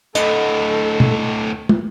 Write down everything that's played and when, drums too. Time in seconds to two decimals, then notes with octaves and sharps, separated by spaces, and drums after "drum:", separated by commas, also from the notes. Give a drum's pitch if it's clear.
0.15 D2 A2 A4 D#5, drum: hi-hat
1.00 drum: tom
1.69 drum: tom